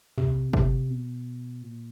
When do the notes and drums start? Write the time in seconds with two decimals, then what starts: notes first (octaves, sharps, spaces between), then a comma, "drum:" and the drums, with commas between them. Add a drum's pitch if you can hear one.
0.18 C3, drum: tom
0.53 C3, drum: kick
0.90 B2
1.63 A#2